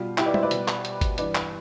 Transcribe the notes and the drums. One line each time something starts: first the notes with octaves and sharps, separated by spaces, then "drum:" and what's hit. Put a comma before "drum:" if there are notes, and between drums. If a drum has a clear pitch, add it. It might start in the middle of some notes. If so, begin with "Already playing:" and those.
Already playing: B2 G3 F4
E4 G4, drum: clap
B4 D5
C5 E5, drum: tom
B4 D5
B2 G3, drum: hi-hat
drum: clap
drum: hi-hat
drum: kick G1, hi-hat
G2 E3 G3 B4 D5, drum: hi-hat
drum: clap